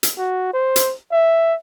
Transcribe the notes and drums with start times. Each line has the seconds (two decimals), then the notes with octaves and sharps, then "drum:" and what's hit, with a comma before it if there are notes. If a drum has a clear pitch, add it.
0.03 drum: hi-hat
0.18 F#4
0.53 C5
0.76 drum: hi-hat
1.12 E5